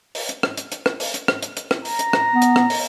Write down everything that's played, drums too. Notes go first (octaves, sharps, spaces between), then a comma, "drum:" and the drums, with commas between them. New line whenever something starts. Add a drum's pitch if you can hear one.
drum: open hi-hat
drum: hi-hat
drum: rim click
drum: hi-hat
drum: hi-hat
drum: rim click
drum: open hi-hat
drum: hi-hat
drum: rim click
drum: hi-hat
drum: hi-hat
drum: rim click
A#5, drum: open hi-hat
drum: hi-hat
drum: rim click
B3
drum: hi-hat
drum: rim click
drum: open hi-hat